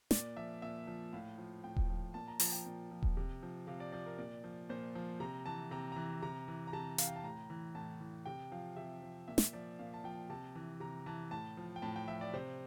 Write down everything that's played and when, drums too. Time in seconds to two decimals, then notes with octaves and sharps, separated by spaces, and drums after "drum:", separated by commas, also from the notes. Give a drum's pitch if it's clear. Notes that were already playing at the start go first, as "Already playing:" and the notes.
0.11 A#2 D5, drum: snare
0.36 F3 E5
0.62 A#2 E5
0.87 F3
1.13 A2 F5
1.38 F3
1.64 A2 G5
1.76 drum: kick D#1
1.90 F3
2.14 A#2 A5
2.28 A#5
2.40 F3 A5, drum: open hi-hat
2.52 G5
2.66 A#2
2.91 F3
3.03 drum: kick D#1
3.17 C3
3.43 F3
3.67 C3 F5
3.80 D5
3.92 F3 D5
4.06 A#4
4.18 A#2 D5
4.44 F3
4.69 A#2 C5
4.95 F3
5.20 C3 A#5
5.46 E3 A5
5.71 C3 A#5
5.92 E3 A#5
6.22 C3 A#5
6.48 E3
6.67 A#5
6.73 C3 A5
6.98 E3 F5, drum: hi-hat
7.07 G5
7.16 A5
7.24 A2 A#5
7.50 E3
7.75 A2 A5
8.00 E3
8.25 C3 G5
8.52 F3 F5
8.76 C3 E5
9.02 F3
9.28 A#2 E5
9.38 drum: snare
9.53 F3 D5
9.79 A#2 F5
9.94 A5
10.04 F3 G5
10.30 C3 A5
10.55 E3
10.80 C3 A#5
11.06 E3 A5
11.31 A2 A5
11.57 F3
11.76 G5
11.82 A2 A5
11.96 G5
12.08 F3 E5
12.21 D5
12.34 C3 C5